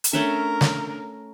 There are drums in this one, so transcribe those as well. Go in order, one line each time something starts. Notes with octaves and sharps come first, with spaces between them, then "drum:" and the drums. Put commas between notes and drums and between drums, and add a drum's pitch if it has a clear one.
drum: hi-hat
A3 C#4 D4 A#4 E5
drum: snare